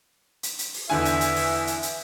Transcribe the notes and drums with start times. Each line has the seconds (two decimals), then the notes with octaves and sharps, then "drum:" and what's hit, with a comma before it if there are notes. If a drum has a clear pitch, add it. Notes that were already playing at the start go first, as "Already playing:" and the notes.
0.43 drum: hi-hat
0.59 drum: hi-hat
0.74 drum: open hi-hat
0.90 E2 D3 E5 G#5
1.05 drum: hi-hat
1.21 drum: hi-hat
1.36 drum: open hi-hat
1.67 drum: hi-hat
1.83 drum: hi-hat